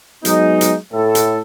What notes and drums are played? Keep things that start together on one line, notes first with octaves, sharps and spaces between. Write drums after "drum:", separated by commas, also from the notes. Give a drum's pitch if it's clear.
F#3 G#3 B3 D#4, drum: hi-hat
drum: hi-hat
A2 A4
drum: hi-hat